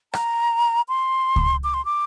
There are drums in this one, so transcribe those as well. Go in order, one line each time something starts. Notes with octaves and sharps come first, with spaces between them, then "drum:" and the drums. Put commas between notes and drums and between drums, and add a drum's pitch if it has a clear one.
A#5, drum: rim click
C6
drum: kick C#2
D6
C6
D6